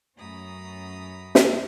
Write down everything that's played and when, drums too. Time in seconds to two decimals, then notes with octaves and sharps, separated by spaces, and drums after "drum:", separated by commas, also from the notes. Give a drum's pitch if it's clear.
0.17 F#2 A3 C#4 A#5 B5 D#6
1.35 drum: snare